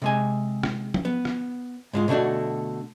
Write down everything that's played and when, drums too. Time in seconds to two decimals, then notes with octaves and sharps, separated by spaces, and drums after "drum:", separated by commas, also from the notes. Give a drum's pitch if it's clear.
0.02 C3 G#3 G#5
0.63 drum: rim click
0.94 drum: tom F3
1.05 B3
1.25 drum: rim click
1.93 G#2 G#3 F4
2.08 B2 D3 A3 D4 F#4